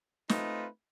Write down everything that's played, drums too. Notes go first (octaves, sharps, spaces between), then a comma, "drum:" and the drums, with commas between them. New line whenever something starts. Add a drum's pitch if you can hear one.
A3 C4 D#4 F4 B4, drum: snare